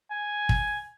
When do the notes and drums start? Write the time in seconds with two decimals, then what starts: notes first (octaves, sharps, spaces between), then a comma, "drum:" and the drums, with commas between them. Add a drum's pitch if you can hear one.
0.11 G#5
0.49 drum: kick